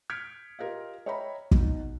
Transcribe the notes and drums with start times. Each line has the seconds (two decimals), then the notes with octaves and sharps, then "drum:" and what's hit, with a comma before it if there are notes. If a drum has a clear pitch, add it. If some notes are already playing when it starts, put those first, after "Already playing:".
0.10 F6 G6 G#6 B6 C#7 D7
0.59 F4 G4 A#4 D#5 F5
1.06 C#5 D#5 E5 G5 A#5 B5
1.51 B2 D#4, drum: kick